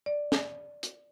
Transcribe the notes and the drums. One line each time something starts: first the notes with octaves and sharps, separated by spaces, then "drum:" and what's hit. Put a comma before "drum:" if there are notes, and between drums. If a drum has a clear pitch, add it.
D5
drum: snare
drum: hi-hat